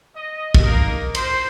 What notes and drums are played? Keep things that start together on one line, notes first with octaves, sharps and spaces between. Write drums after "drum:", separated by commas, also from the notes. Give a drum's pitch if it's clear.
D#5
drum: kick
A#3 D#4 A#4
C5, drum: cymbal